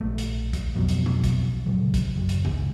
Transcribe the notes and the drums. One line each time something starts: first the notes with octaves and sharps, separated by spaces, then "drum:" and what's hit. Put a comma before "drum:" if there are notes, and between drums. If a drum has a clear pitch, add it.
A#1 A3
drum: hi-hat
drum: kick, hi-hat
F2 B2 F#3
drum: hi-hat
drum: tom
drum: kick, hi-hat
A#2 C#3 F#3 G#3
drum: kick, hi-hat
F#1
drum: hi-hat
C#2, drum: tom